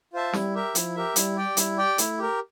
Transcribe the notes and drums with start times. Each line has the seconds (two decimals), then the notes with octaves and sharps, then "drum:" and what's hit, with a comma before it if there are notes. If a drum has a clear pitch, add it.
0.13 F4 C5 E5 A5
0.33 G3 E4, drum: snare
0.55 G4 A#4 E5
0.75 F3 E4, drum: hi-hat
0.95 G4 A#4 E5
1.16 G3 E4, drum: hi-hat
1.36 G4 D5 G5
1.57 G3 E4, drum: hi-hat
1.78 G4 D5 G5
1.98 A3 E4, drum: hi-hat
2.19 G4 A#4